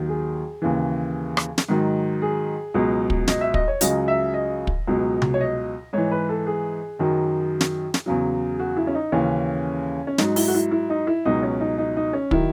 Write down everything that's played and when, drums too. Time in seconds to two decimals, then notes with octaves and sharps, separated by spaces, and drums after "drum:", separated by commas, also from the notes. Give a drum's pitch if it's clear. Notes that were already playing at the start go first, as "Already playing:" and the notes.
Already playing: D#2 D#3 F#3
0.09 G#4
0.62 D#2 C#3 E3
1.37 drum: rim click
1.58 drum: snare
1.69 G#2 D#3 F#3
2.22 G#4
2.74 C#2 B2 F#3
3.10 drum: kick
3.28 D#5, drum: snare
3.41 E5
3.54 D#5, drum: kick
3.68 C#5
3.81 C#2 C#3 F#3 D#5, drum: hi-hat
4.08 E5
4.34 D#5
4.67 drum: kick
4.87 C#2 B2 F#3
5.22 drum: tom C3
5.34 C#5
5.41 D#5
5.93 G#2 E3 C#5
6.11 B4
6.29 A4
6.47 G#4
6.99 F#2 D#3 F#3
7.61 drum: snare
7.94 drum: snare
8.06 E2 C#3 F#3
8.59 F#4
8.77 E4
8.87 C#4
8.95 D#4
9.12 D#2 C#3 E3 C#4
10.07 C#4
10.18 G#2 F#3 D#4, drum: snare
10.36 E4, drum: open hi-hat
10.48 F#4
10.54 E4
10.71 E4
10.90 D#4
11.07 E4
11.25 C#2 B2 F#3 D#4
11.43 C#4
11.60 D#4
11.78 D#4
11.97 D#4
12.13 C#4
12.31 D#3 F#3 E4, drum: kick